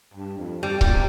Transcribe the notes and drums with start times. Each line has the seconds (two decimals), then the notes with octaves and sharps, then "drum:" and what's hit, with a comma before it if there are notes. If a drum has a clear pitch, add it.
0.14 G2
0.38 F2
0.62 G2 G3
0.81 A#2 G3, drum: kick C#1
0.93 C3